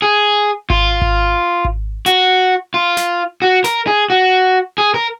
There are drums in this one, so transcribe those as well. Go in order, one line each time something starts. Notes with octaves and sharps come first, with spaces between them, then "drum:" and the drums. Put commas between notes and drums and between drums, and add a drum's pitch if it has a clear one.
G#4
F4, drum: kick G#1
drum: kick G#1
drum: kick G#1
F#4, drum: hi-hat
F4
drum: snare
F#4
A#4, drum: snare
G#4
F#4
G#4
A#4